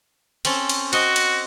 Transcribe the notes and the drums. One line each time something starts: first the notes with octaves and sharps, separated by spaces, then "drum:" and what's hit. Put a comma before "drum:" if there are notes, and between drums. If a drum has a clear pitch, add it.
C4 C#4 A4, drum: cymbal
drum: cymbal
C4 F#4 D#5, drum: cymbal
drum: cymbal